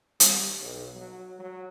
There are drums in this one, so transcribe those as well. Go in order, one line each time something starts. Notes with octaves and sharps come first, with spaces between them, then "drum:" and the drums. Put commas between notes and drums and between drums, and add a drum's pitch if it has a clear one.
G3, drum: hi-hat
B1
F#3
F#3